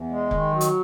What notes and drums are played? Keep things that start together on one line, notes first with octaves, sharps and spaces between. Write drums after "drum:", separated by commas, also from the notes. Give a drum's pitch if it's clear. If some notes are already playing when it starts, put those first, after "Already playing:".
Already playing: E2
G#3
D#3, drum: kick
F#3
drum: hi-hat